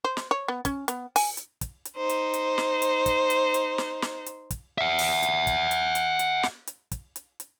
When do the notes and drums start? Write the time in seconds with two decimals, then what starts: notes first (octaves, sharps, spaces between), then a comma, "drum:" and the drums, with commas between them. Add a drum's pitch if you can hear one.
0.04 C5
0.17 drum: snare
0.31 C#5
0.48 B3
0.65 C#4, drum: kick, hi-hat
0.88 B3, drum: hi-hat
1.16 G#5, drum: open hi-hat
1.37 drum: hi-hat
1.61 drum: kick, hi-hat
1.85 drum: hi-hat
1.97 D#4 C5
2.09 drum: hi-hat
2.34 drum: hi-hat
2.58 drum: snare
2.82 drum: hi-hat
3.06 drum: kick, hi-hat
3.30 drum: hi-hat
3.54 drum: hi-hat
3.78 drum: snare
4.02 drum: snare
4.26 drum: hi-hat
4.51 drum: kick, hi-hat
4.78 E5 F#5
4.99 drum: open hi-hat
5.23 drum: hi-hat
5.47 drum: kick, hi-hat
5.71 drum: hi-hat
5.95 drum: hi-hat
6.19 drum: hi-hat
6.43 drum: snare
6.67 drum: hi-hat
6.92 drum: kick, hi-hat
7.16 drum: hi-hat
7.40 drum: hi-hat